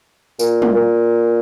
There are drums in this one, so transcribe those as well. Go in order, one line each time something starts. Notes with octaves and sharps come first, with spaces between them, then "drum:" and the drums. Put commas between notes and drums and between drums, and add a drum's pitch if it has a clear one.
A#2, drum: tambourine
drum: tom
A#2